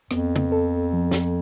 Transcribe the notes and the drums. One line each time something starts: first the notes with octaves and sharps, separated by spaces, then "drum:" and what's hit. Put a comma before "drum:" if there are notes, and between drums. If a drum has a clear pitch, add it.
F2 B3, drum: rim click
drum: tom
A4
F3
drum: snare